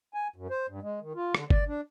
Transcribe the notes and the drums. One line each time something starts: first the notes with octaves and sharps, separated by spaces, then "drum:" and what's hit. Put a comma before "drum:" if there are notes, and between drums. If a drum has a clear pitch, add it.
G#5
F#2
C5
G2
G#3
D#3
F4
D3, drum: rim click
D5, drum: kick G1
D4